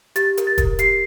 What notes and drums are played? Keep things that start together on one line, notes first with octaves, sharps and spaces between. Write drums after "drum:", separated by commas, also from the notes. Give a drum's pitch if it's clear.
G4 A6, drum: hi-hat
A#4, drum: hi-hat
A6
A#4, drum: kick, hi-hat
G4 C7, drum: hi-hat